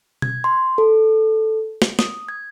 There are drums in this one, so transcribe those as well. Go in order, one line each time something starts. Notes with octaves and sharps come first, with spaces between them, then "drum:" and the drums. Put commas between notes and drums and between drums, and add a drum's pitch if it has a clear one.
G#6, drum: tom B2
C6
A4
drum: snare
D#6, drum: snare
G#6